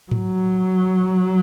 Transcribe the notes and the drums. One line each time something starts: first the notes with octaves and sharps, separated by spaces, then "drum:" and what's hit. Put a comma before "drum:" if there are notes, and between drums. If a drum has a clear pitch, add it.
F#3, drum: tom G#2